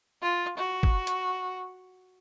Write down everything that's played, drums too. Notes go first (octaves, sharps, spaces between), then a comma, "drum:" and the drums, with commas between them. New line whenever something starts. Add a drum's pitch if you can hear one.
F4
F#4
drum: kick
drum: hi-hat